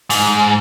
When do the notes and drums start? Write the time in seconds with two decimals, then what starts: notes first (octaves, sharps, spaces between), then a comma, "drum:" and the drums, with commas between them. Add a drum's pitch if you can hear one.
0.10 G#2, drum: open hi-hat